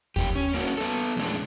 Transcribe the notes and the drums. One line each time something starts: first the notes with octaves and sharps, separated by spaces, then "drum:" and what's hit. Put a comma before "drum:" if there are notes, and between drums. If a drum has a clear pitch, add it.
F2 G4, drum: kick
C#4
A#3 C#4 D4 F#4
B3 A4
F2 A2 C#3 G#3 D4